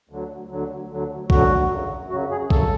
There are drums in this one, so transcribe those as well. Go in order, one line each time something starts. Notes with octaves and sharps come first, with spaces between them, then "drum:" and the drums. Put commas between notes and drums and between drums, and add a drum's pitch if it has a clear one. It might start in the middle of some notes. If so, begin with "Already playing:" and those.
D2 D3 F#3
D2 D3 F#3
D2 D3 F#3
D2 D3 F#3 F#4, drum: kick A#1
F#2 C#3 F#3
F#2 C#3 F#3 F#4
G#4
F#2 C#3 F#3 A4, drum: kick A#1